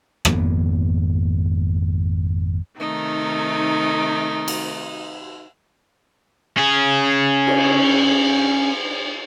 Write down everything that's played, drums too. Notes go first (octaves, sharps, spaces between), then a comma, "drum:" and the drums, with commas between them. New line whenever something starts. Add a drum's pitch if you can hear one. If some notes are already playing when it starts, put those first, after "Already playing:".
G#1 F2 A#3 B3, drum: rim click
C3 D#3 A3 D#4
drum: cymbal
C#4 G#4
drum: cymbal